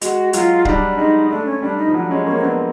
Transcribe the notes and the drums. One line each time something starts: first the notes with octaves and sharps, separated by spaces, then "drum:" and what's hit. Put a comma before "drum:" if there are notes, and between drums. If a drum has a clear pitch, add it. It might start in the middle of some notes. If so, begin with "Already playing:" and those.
G#3 F#4, drum: hi-hat
F#3 F4, drum: hi-hat
G3 D#4, drum: kick D1
D4
G#3 D#4
A3 D4
C#4
G3 D4
D#4
F3
F#3 D4
G#3 C#4
A#3 C#4
C4
B3 D4